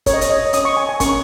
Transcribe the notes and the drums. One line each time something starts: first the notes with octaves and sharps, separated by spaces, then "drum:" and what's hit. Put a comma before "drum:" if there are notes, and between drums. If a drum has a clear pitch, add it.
C#4 A#4 C#5, drum: kick F#1, hi-hat
D#5
C#5, drum: hi-hat
D#5
C#4 A#4 C#5 D#6, drum: hi-hat
C#6
G#5
G#5
C#4 A#4 C#5 C#6, drum: kick F#1, hi-hat